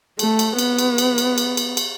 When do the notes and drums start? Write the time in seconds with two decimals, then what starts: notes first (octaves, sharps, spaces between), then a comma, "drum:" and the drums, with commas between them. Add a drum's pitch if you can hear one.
0.19 A3, drum: cymbal
0.39 drum: cymbal
0.59 B3, drum: cymbal
0.78 drum: cymbal
0.98 drum: cymbal
1.18 drum: cymbal
1.38 drum: cymbal
1.57 drum: cymbal
1.77 drum: cymbal